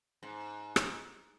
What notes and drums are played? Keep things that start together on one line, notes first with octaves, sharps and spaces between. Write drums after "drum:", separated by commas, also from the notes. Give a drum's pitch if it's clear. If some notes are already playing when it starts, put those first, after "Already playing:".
G#2
drum: rim click